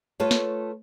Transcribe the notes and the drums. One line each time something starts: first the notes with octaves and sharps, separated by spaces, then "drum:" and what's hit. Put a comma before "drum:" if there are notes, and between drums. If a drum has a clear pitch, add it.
A3 F4 A4 B4 C#5
drum: snare